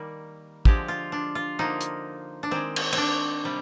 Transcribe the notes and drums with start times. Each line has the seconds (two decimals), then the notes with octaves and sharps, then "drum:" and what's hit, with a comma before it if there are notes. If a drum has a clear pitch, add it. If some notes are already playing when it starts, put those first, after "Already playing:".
Already playing: D#3 G3 A#3
0.65 D3 F3 G#3 G4, drum: kick
0.88 F4
1.12 D4
1.35 F4
1.59 D3 F3 A#3 D#4
1.81 drum: hi-hat
2.43 D4
2.51 D#3 G#3 C4
2.76 drum: cymbal
2.93 C4 D4, drum: cymbal
3.44 C3 G3